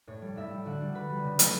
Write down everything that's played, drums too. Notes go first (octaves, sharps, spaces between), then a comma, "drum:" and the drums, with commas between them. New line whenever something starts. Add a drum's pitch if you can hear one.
A2 C#5
G3
A2 E4 E5
G3
D3 F#4 F#5
G3
D3 B4 B5
G3
C#3
F#3 A3, drum: hi-hat